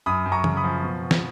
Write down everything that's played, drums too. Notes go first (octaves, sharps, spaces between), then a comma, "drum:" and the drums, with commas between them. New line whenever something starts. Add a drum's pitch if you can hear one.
F#2 B5 D#6
F#2
A#5 C#6
C#3, drum: tom
B5 D#6
F3
B2
B2
drum: snare